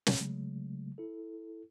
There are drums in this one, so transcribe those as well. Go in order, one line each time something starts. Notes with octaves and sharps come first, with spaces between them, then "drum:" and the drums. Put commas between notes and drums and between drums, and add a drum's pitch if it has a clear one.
drum: snare
C#3 F#3 G#3 A3
E4 A4